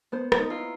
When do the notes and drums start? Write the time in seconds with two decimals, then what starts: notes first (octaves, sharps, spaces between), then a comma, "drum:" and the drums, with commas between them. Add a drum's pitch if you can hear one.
0.12 B3 C5
0.32 C5, drum: rim click
0.38 D#4
0.50 E4 F4